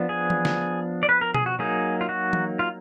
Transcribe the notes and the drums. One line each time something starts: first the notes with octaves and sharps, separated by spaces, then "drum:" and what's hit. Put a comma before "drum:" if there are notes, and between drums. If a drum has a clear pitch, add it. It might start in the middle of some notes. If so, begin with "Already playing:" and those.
Already playing: F3 B3 D4
G#4
drum: tom E3
drum: snare
D5
B4
A#4
G#4, drum: tom B2
F#4
F#3 A#3 D#4 G#4
F4
F#4
drum: tom E3
F4